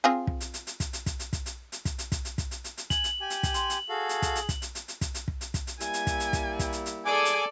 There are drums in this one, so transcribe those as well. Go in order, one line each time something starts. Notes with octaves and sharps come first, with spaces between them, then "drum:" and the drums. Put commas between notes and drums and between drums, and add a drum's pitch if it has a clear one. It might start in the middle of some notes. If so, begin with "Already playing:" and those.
C4 F4 G#4
drum: kick
drum: hi-hat
drum: hi-hat
drum: hi-hat
drum: kick, hi-hat
drum: hi-hat
drum: kick, hi-hat
drum: hi-hat
drum: kick, hi-hat
drum: hi-hat
drum: hi-hat
drum: kick, hi-hat
drum: hi-hat
drum: kick, hi-hat
drum: hi-hat
drum: kick, hi-hat
drum: hi-hat
drum: hi-hat
drum: hi-hat
G#5 F#7, drum: kick, hi-hat
drum: hi-hat
G4 G#5
drum: hi-hat
drum: kick, hi-hat
C6, drum: hi-hat
drum: hi-hat
F#4 G#4 A4 F5
drum: hi-hat
drum: kick, hi-hat
drum: hi-hat
drum: kick, hi-hat
drum: hi-hat
drum: hi-hat
drum: hi-hat
drum: kick, hi-hat
drum: hi-hat
drum: kick
drum: hi-hat
drum: kick, hi-hat
drum: hi-hat
G3 A#3 E4 G#5, drum: hi-hat
drum: hi-hat
drum: kick, hi-hat
drum: hi-hat
drum: kick, hi-hat
drum: kick, hi-hat
drum: hi-hat
drum: hi-hat
G#4 A4 D5 G#5 D6
drum: hi-hat